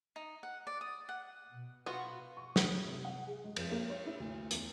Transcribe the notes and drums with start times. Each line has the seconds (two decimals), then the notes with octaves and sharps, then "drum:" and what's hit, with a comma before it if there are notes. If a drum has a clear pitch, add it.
0.16 D#4
0.43 F#5
0.67 D5
0.81 D#6
1.09 F#5
1.49 B2
1.86 B3 F4 F#4
2.37 C#6
2.56 D#6, drum: snare
2.86 C3
3.05 F#5
3.27 G#4
3.44 G#3
3.56 F2, drum: cymbal
3.71 A#3
3.90 C#5
4.06 E4
4.20 D2
4.51 E2, drum: hi-hat